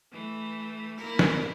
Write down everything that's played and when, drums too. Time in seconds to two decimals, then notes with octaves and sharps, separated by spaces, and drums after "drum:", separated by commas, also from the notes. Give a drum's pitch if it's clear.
0.12 E3 A3
0.98 A#3 E4 A#4
1.19 drum: snare